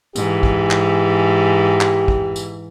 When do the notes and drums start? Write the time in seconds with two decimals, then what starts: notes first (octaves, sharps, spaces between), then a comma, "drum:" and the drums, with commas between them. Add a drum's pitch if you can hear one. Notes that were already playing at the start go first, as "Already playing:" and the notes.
0.16 G#2 E3 G4, drum: tambourine
0.43 drum: kick
0.71 drum: clap
1.81 drum: clap
2.08 drum: kick
2.36 drum: tambourine